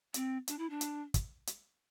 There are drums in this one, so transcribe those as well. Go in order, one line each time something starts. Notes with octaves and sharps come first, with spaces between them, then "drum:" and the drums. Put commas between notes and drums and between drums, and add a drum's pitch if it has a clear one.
C4, drum: hi-hat
D4, drum: hi-hat
E4
D4
drum: hi-hat
drum: kick, hi-hat
drum: hi-hat